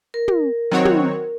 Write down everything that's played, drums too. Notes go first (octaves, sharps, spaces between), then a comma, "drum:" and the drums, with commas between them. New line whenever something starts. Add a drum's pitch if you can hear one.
A#4
drum: tom
D#3 F#3 C4 F#4 C#5
drum: tom